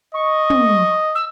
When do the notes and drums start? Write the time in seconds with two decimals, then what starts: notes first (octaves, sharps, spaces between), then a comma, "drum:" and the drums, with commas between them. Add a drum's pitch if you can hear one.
0.14 D#5 C#6
0.50 drum: tom
1.15 E6